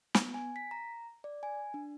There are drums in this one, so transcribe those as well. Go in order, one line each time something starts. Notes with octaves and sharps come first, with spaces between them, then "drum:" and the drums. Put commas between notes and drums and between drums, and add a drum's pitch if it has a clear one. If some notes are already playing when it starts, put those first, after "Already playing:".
B3, drum: snare
G#5
B6
A#5
D5
G#5
D4